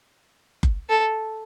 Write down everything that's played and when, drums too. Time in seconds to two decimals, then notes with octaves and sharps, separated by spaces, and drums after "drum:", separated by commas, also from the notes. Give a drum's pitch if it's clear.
0.63 drum: kick F#1
0.89 A4